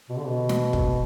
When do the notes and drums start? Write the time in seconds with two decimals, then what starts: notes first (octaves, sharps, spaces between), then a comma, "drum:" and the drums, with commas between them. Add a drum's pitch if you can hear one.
0.09 B2
0.18 D3
0.26 B2
0.49 drum: snare
0.73 drum: kick